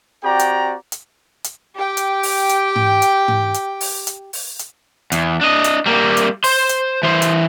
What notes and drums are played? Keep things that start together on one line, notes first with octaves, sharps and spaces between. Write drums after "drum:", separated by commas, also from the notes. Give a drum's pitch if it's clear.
C4 F#4 G4 D5 G5 A#5
drum: hi-hat
drum: hi-hat
drum: hi-hat
G4 G5
drum: hi-hat
drum: open hi-hat
drum: hi-hat
drum: tom G#2
drum: hi-hat
drum: tom G#2
drum: hi-hat
drum: open hi-hat
drum: hi-hat
drum: open hi-hat
drum: hi-hat
E2, drum: hi-hat
D4 D#5
drum: hi-hat
G3 A#3
drum: hi-hat
C5 C6, drum: open hi-hat
drum: hi-hat
E3 C5
drum: hi-hat